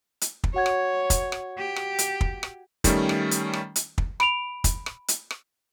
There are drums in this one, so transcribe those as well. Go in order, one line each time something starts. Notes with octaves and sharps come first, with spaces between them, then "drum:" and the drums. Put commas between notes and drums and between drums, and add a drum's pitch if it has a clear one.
drum: hi-hat
drum: kick
F#4 C#5 F#5 G#6
drum: rim click
drum: kick, hi-hat
drum: rim click
G4
drum: rim click
drum: hi-hat
drum: kick
drum: rim click
D#3 G3 A3 C#4, drum: kick, hi-hat
drum: rim click
drum: hi-hat
drum: rim click
drum: hi-hat
drum: kick
B5 D7 F7, drum: rim click
drum: kick, hi-hat
drum: rim click
drum: hi-hat
drum: rim click